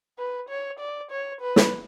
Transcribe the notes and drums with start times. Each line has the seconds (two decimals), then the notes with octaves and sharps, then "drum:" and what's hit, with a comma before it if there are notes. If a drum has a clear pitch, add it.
0.18 B4
0.49 C#5
0.80 D5
1.11 C#5
1.41 B4
1.56 drum: snare